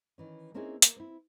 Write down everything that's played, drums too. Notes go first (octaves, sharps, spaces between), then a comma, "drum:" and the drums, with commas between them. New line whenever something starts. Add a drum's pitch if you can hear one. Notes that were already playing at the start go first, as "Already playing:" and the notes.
D#3 E3 C#4
A#3 C4 C#4 D#4 E4 G#4
A#3, drum: hi-hat
C4 E4